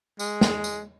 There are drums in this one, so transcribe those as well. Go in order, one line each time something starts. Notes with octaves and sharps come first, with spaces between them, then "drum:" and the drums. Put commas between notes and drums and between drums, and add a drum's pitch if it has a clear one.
G#3, drum: tambourine
drum: snare
drum: tambourine